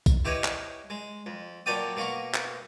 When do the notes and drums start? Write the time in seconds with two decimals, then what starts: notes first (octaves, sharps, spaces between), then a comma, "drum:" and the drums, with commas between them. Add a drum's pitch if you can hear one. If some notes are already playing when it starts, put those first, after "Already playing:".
0.06 drum: kick B1, tambourine
0.25 E4 G4 B4 C#5 D#5
0.44 drum: clap
0.90 G#3
1.26 F2
1.66 A#2 F#3 A4 D5 G5 D#6
1.96 B2 A#3 F#4 A#5 C#6
2.34 drum: clap